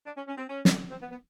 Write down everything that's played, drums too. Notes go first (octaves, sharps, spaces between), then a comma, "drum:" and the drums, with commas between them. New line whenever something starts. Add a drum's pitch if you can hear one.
D4
C#4
C#4
C4
C#4
drum: snare
C4
B3
B3